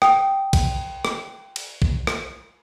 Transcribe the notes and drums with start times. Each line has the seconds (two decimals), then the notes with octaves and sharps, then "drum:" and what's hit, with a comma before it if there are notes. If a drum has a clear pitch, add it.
0.02 G5 D#6, drum: rim click
0.53 drum: kick A#1, cymbal
1.05 drum: rim click
1.56 drum: cymbal
1.82 drum: kick A#1
2.07 drum: rim click